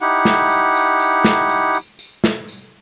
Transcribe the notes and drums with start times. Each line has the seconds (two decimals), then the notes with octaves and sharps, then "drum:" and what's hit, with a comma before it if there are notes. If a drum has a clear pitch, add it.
0.01 D#4 E4 G4 F#5
0.25 drum: snare
0.50 drum: tambourine
0.75 drum: tambourine
1.00 drum: tambourine
1.24 drum: snare
1.49 drum: tambourine
1.74 drum: tambourine
1.99 drum: tambourine
2.24 drum: snare
2.48 drum: tambourine